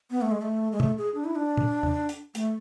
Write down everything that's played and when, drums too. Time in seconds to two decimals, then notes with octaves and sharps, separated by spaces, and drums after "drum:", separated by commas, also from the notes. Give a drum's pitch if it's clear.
0.11 B3
0.22 A3
0.31 G#3
0.42 A3
0.72 G#3
0.80 A3, drum: tom
0.98 G#4
1.14 D4
1.25 E4
1.35 D4
1.57 drum: tom
1.83 drum: tom E2
2.09 drum: hi-hat
2.35 A3, drum: hi-hat